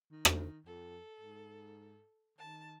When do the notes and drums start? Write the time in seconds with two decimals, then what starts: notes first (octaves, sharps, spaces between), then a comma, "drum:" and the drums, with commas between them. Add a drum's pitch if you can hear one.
0.11 D#3
0.25 drum: rim click
0.66 F2 A4
1.21 G#2
2.39 D#3 A5